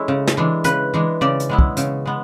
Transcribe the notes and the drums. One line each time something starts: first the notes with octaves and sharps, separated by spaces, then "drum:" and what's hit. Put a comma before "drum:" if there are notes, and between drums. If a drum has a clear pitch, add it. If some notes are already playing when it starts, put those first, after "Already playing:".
Already playing: G#3 C#4 E4 A4
C#3
drum: snare
E3 G#3 D4
C#3 B4, drum: hi-hat
E3 G#3 D4
C#3 D5
drum: hi-hat
G#3 B3 E4
drum: kick
C#3, drum: hi-hat
G#3 B3